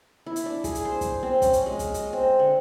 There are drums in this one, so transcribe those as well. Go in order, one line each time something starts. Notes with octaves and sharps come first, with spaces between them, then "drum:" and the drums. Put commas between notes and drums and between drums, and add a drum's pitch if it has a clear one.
E4
drum: hi-hat
D4
G#4, drum: kick, hi-hat
drum: hi-hat
C5
drum: kick, hi-hat
C4
C#4, drum: kick, hi-hat
drum: hi-hat
G#3
drum: kick, hi-hat
D#5, drum: hi-hat
C4
D3